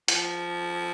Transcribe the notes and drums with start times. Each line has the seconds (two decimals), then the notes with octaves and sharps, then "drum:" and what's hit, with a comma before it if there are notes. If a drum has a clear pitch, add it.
0.08 F3, drum: hi-hat